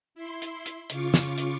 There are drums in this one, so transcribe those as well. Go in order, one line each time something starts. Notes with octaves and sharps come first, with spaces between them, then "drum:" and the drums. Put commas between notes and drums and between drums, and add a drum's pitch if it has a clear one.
E4 C6
drum: hi-hat
drum: hi-hat
C#3 F4 C#6 D6, drum: hi-hat
drum: snare
drum: hi-hat